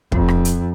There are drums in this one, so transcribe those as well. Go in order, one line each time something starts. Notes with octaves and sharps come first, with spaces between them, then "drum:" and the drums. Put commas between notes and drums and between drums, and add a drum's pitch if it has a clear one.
F2, drum: kick
drum: rim click
drum: hi-hat